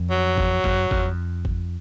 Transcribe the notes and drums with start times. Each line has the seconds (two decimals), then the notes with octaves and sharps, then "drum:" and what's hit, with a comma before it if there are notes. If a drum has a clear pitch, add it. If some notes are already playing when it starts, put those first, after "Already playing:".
Already playing: F2
0.10 F#3
0.38 drum: kick G#1
0.64 F#2, drum: kick G#1
0.91 F2, drum: kick G#1
1.45 drum: kick G#1